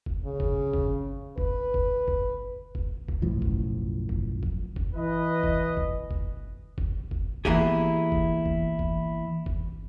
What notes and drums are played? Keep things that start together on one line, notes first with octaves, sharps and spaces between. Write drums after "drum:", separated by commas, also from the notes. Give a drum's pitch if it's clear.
drum: kick
C#3
drum: kick
drum: kick
B4, drum: kick
drum: kick
drum: kick
drum: kick
drum: kick
B1 F#2 A2 F3
drum: kick
drum: kick
drum: kick
drum: kick
E3 B4 D#5
drum: kick
drum: kick
drum: kick
drum: kick
drum: kick
E3 A#3 B3 E4 G4 G#4, drum: kick
drum: kick
drum: kick
drum: kick
drum: kick